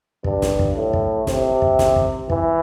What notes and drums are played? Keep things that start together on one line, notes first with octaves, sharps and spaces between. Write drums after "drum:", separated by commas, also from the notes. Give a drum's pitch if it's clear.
G2, drum: kick
drum: snare
drum: kick
A2
drum: kick
C3, drum: snare
drum: kick
drum: snare
drum: kick
E3, drum: kick